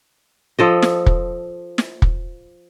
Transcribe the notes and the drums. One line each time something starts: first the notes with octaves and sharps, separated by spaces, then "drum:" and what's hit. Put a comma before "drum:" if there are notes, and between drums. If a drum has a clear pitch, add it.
F3 A4 D#5
drum: snare
drum: kick
drum: snare
drum: kick